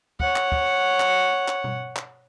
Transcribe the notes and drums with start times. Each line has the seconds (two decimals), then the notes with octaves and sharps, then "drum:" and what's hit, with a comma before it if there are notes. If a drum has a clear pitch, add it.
0.20 C#5 F#5, drum: kick
0.36 drum: clap
0.52 drum: kick
1.00 drum: clap
1.48 drum: clap
1.64 drum: tom B2
1.96 drum: clap